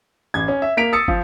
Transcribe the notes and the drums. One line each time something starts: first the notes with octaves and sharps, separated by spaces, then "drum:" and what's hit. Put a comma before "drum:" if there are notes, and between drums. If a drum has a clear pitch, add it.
A1 G#6
C#4
E5
A#3 B6 D7 F7
D#6 E6 A6 C#7
F3, drum: kick